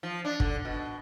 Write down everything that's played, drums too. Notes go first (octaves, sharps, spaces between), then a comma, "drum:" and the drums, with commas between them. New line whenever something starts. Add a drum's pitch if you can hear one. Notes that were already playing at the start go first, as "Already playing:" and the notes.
F3
D4
D3, drum: kick
B2